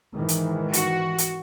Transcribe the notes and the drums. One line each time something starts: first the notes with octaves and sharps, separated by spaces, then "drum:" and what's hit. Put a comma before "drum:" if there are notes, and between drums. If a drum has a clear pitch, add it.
G#2 D#3 E3
drum: hi-hat
F#4, drum: hi-hat
drum: hi-hat